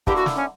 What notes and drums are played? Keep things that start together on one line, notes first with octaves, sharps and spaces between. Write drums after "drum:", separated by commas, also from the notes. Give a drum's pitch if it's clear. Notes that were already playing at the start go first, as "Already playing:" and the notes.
D3 A#3 E4 G4, drum: kick
F#4
drum: snare
C#4